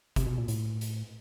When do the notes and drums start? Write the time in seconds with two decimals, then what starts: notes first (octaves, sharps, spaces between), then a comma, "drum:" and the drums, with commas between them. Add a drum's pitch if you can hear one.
0.16 C3, drum: kick, hi-hat
0.27 B2
0.38 A#2
0.48 A2, drum: hi-hat
0.81 drum: hi-hat